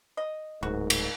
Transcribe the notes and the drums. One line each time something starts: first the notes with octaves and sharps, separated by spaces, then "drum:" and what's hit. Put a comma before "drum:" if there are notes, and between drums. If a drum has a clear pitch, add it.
D#5
D1 G#2 F#4 A#4
drum: cymbal